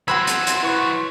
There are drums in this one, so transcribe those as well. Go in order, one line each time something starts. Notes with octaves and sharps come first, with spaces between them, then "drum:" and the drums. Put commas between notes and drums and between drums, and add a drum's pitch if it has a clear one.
F#3 F#4 C5 F#5 B5 C6 E6 G#6
drum: hi-hat
drum: hi-hat
E4 B4 C#6